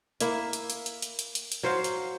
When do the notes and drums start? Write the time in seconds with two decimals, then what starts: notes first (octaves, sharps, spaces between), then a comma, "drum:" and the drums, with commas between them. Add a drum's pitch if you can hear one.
0.20 A#3 E4 E5, drum: hi-hat
0.53 drum: hi-hat
0.70 drum: hi-hat
0.86 drum: hi-hat
1.02 drum: hi-hat
1.19 drum: hi-hat
1.35 drum: hi-hat
1.52 drum: hi-hat
1.63 F#3 C5 F5
1.84 drum: hi-hat